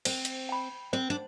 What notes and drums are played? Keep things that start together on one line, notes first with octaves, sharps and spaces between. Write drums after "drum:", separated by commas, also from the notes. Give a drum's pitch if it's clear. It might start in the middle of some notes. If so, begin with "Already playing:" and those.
C4 C5, drum: cymbal
drum: hi-hat
G5 B5
C4 C5
D4